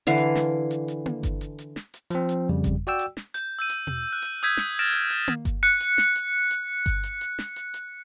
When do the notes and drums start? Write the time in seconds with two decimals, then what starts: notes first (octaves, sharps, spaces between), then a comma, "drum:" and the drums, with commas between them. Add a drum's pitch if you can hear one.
0.07 D3 E3 F5
0.18 drum: hi-hat
0.35 drum: snare
0.71 drum: hi-hat
0.88 drum: hi-hat
1.06 drum: tom A#3
1.23 drum: kick G1, hi-hat
1.41 drum: hi-hat
1.58 drum: hi-hat
1.76 drum: snare
1.94 drum: hi-hat
2.10 F3 C4, drum: hi-hat
2.29 drum: hi-hat
2.49 F2 C#3 G3
2.64 drum: kick G1, hi-hat
2.87 F#4 D5 G5 E6
2.99 drum: hi-hat
3.17 drum: snare
3.34 G6, drum: hi-hat
3.59 E6 G6 D#7
3.69 drum: hi-hat
3.87 drum: tom B2
4.13 F#6
4.22 drum: hi-hat
4.43 D#6 E6 G6 G#6 B6 D#7, drum: hi-hat
4.57 drum: snare
4.79 F6 A6 A#6 D7 E7
4.92 drum: hi-hat
5.10 drum: hi-hat
5.28 drum: tom A#3
5.45 drum: kick G1, hi-hat
5.63 F#6 C#7, drum: hi-hat
5.80 drum: hi-hat
5.98 drum: snare
6.16 drum: hi-hat
6.51 drum: hi-hat
6.86 drum: kick G1, hi-hat
7.03 drum: hi-hat
7.21 drum: hi-hat
7.39 drum: snare
7.56 drum: hi-hat
7.74 drum: hi-hat